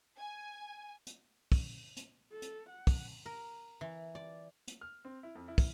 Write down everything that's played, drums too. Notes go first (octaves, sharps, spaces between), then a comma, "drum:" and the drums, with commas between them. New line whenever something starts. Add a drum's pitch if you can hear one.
G#5
drum: hi-hat
drum: kick, open hi-hat
drum: hi-hat
A4
drum: hi-hat
F#5
drum: kick, open hi-hat
A#4
E3
D5
drum: hi-hat
F6
C4
E4
F2
E4
drum: kick, open hi-hat